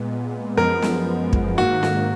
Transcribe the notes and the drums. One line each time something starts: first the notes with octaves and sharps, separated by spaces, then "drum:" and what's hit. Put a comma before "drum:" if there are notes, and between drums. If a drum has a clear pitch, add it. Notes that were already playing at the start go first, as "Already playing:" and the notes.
Already playing: A#2 G#3 B3
F#2 F3 G#3 B3 A#4
drum: snare
drum: kick
G#2 D#3 A#3 F#4
F#4, drum: snare